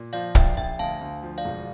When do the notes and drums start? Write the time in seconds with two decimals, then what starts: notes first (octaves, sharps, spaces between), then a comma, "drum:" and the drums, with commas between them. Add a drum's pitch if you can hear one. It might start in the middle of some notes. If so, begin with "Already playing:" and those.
Already playing: A#2
0.13 F3 D5 F5
0.35 A#1 E5 G5, drum: kick
0.57 A#1 E5 G5
0.79 D2 F5 A5
1.01 D2
1.23 F3
1.38 D5 F5
1.45 E1